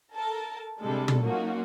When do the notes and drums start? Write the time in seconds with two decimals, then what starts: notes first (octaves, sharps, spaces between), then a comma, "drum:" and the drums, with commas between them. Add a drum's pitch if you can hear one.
0.13 A4 A#4 A5
0.81 C3 G3 G#3 D4 A4
1.08 drum: tom
1.22 F#3 A#3 C#4 D#4 F4 F#4